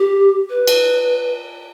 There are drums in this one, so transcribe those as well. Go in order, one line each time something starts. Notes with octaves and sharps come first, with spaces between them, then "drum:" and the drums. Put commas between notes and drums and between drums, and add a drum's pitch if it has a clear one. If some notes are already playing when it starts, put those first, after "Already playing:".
Already playing: G4
B4
drum: cymbal